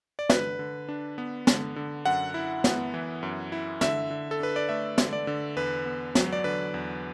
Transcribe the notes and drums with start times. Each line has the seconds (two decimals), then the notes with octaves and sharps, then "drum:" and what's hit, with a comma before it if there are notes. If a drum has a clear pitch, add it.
0.19 D5
0.29 D3 B4, drum: snare
0.59 D3
0.89 D4
1.18 B3
1.47 D3, drum: snare
1.76 D3
2.05 F#2 F#5
2.34 E4
2.64 B3, drum: snare
2.94 E3
3.23 F#2
3.52 E4
3.81 D3 E5, drum: snare
4.11 D3
4.31 A4
4.40 D4 B4
4.56 D5
4.69 A3 E5
4.98 D3, drum: snare
5.13 D5
5.27 D3
5.57 E2 B4
5.86 B3
6.15 F#3, drum: snare
6.33 D5
6.44 D3 B4
6.74 E2